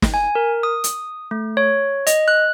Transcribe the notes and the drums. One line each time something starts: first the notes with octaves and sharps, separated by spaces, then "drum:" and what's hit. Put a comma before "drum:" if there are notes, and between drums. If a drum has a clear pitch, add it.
drum: snare
G#5
A#4
D#6
drum: hi-hat
A3
C#5
D#5, drum: hi-hat
F#6